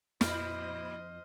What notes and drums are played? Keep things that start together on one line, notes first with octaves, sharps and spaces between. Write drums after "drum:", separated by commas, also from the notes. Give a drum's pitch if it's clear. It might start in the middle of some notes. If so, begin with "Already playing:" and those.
F2 A#2 E4 C5 D#5 F6, drum: snare